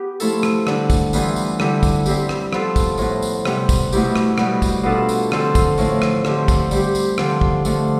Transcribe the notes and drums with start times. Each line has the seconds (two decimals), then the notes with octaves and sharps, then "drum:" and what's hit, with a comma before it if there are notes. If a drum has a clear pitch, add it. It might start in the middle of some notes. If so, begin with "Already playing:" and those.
Already playing: B3 G4
0.20 F3 A3 E4 A4, drum: tambourine
0.43 drum: rim click
0.67 D3 G3 D4, drum: rim click
0.90 drum: kick, tambourine
1.13 E3 G3 B3 F4, drum: tambourine
1.36 drum: tambourine
1.60 D3 G3 C4 E4, drum: rim click
1.83 drum: kick, tambourine
2.06 G3 C4 E4 G4, drum: tambourine
2.29 drum: rim click
2.53 F3 B3 F4 A4, drum: rim click
2.76 drum: kick, tambourine
2.98 A2 F3 B3, drum: tambourine
3.22 drum: tambourine
3.45 C3 G3 B3, drum: rim click
3.69 drum: kick, tambourine
3.92 B2 A3 E4 G4, drum: tambourine
4.16 drum: rim click
4.38 B2 G3 B3, drum: rim click
4.62 drum: kick, tambourine
4.83 B2 B3 D4 F4 A4
5.09 drum: tambourine
5.32 D3 F3 C4 F4 A4, drum: rim click
5.55 drum: kick, tambourine
5.78 A2 F3 A3 D4, drum: tambourine
6.02 drum: rim click
6.25 D3 F3 C4 G4, drum: rim click
6.48 drum: kick, tambourine
6.71 G3 C4 G4, drum: tambourine
6.95 drum: tambourine
7.18 D3 F3 C4, drum: rim click
7.41 drum: kick
7.65 D3 F3 A3, drum: tambourine